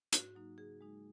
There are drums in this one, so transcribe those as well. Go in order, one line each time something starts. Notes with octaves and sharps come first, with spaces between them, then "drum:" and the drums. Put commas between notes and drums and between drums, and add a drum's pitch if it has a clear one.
G#2 F#4, drum: hi-hat
F#3 A#3 D#4
C#3 G#4
G#3 D#4